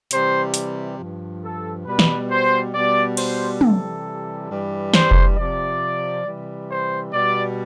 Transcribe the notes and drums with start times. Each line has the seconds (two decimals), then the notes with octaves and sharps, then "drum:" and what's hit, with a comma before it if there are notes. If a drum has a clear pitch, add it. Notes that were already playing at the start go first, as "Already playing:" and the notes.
0.11 C3 E3 G3 C5, drum: hi-hat
0.54 drum: hi-hat
0.98 G2 F3
1.43 A4
1.86 B2 G3 B4
1.99 drum: snare
2.30 C5
2.73 B2 G3 D5
3.17 C5, drum: cymbal
3.61 C3 E3 G3 A4, drum: tom
4.49 G2 E3 G3
4.94 C5, drum: snare
5.11 drum: kick F1
5.37 C3 F3 D5
6.24 C3 E3 G3
6.69 C5
7.12 B2 G3 D5